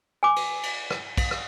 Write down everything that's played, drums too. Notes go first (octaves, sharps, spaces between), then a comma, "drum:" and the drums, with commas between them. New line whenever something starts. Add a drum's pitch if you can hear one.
G#5 D6
drum: cymbal
drum: cymbal
drum: rim click
drum: kick, cymbal
drum: rim click